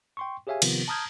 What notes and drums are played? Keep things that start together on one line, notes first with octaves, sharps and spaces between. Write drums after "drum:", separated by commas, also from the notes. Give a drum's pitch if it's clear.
G5 C6 C#6
G4 G#4 C#5 E5 F5 G#5
C3 D#3 F3 B3 F4 A#4, drum: cymbal
A5 A#5 D#6 F6 G6 G#6